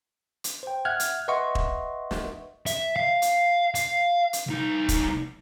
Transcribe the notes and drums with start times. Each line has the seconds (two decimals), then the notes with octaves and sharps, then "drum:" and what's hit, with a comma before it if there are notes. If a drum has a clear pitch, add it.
0.44 drum: hi-hat
0.63 C5 G5
0.85 E5 F#5 F6 F#6 G#6
1.00 drum: hi-hat
1.28 B4 D#5 E5 F#5 C6 C#6
1.55 drum: kick E1
2.11 drum: snare
2.66 E5, drum: hi-hat
2.96 F5
3.22 drum: hi-hat
3.75 F5, drum: hi-hat
4.33 drum: hi-hat
4.48 C2 D#4
4.89 drum: kick E1, hi-hat